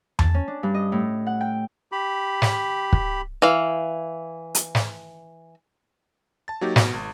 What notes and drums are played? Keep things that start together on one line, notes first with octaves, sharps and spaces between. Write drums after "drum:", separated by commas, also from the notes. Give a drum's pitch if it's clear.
A5, drum: tom E2
C#4
D4
G2
D#5
A2
F#5
G5
G4 B5
drum: snare
drum: kick
E3 F5
drum: hi-hat
drum: snare
A5 A6
F#3 A#3 D#4 F#4 G4
B2, drum: snare
G#1